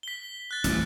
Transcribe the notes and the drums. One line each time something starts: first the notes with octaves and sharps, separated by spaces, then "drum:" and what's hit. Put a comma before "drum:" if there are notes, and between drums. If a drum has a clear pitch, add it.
B6 G7
F#6 A6
A1 F2 A2, drum: hi-hat